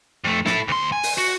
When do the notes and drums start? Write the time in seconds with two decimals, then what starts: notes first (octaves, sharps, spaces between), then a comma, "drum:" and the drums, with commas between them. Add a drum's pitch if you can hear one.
0.24 F2 A3
0.46 E4 A4, drum: snare
0.68 D2 C6
0.92 G#5
1.03 drum: open hi-hat
1.18 F#4